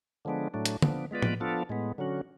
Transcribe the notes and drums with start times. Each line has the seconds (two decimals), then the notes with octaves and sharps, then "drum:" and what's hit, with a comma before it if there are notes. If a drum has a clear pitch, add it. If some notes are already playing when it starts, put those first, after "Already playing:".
0.25 D3 F3 G#3 B3 D4
0.54 A2 F#3 A3 D4
0.66 drum: hi-hat
0.82 F3 B3 D4, drum: tom D3
1.11 G#3 B3 F4 B4 D5
1.22 drum: tom A2
1.40 F3 B3 D4 F4 A4
1.69 A2 G#3 B3
1.98 D3 F#3 C#4 F#4